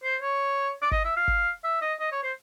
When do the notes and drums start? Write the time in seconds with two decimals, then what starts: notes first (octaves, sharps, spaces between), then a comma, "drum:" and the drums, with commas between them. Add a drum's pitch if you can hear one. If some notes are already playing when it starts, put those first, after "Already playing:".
0.03 C5
0.21 C#5
0.82 D5
0.91 D#5, drum: kick G1
1.04 E5
1.16 F5
1.28 drum: kick G1
1.64 E5
1.81 D#5
2.00 D#5
2.12 C#5
2.23 C5